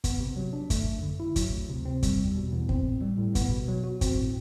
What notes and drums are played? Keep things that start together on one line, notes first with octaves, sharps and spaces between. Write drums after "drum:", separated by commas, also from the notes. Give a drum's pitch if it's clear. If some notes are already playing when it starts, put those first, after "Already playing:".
B3, drum: kick, hi-hat
C3
F#3
D4
A3, drum: kick, hi-hat
F#2
D3
E4
F#3, drum: kick, hi-hat
D2
C3
C4
G3, drum: kick, hi-hat
E2
B2
E2
C4, drum: kick
A2
G3
A2
B3, drum: kick, hi-hat
B2
F#3
F#4
C4, drum: kick, hi-hat
A2